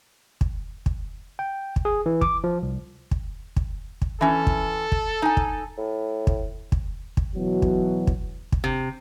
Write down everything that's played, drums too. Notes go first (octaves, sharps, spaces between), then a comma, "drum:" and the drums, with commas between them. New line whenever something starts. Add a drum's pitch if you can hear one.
drum: kick
drum: kick
G5
drum: kick
G#4
E3
D6, drum: kick
F3
C2
drum: kick
drum: kick
drum: kick
E3 C#4 A4
drum: kick
drum: kick
D#4 G#5
drum: kick
A2
drum: kick
drum: kick
drum: kick
B2 E3 F#3
drum: kick
drum: kick
drum: kick
C3